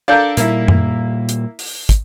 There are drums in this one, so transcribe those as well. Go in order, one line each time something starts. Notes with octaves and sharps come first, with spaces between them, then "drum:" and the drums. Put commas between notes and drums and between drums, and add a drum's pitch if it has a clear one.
D4 A4 A#4 F5 G6
A#2 G3 A#3 E4, drum: hi-hat
drum: tom F#2
drum: hi-hat
drum: open hi-hat
drum: kick, hi-hat